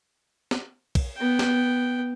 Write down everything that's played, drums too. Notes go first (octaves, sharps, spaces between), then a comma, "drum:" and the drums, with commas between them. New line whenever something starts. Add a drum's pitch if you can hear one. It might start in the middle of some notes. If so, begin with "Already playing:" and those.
drum: snare
drum: kick, cymbal
B3 G5
drum: snare